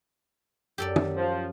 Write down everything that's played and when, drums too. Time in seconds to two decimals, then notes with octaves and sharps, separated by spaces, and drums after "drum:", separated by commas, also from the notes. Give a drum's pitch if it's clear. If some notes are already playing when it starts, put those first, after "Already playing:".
0.78 F#2 G4 A4 D5
0.96 drum: tom
1.17 F3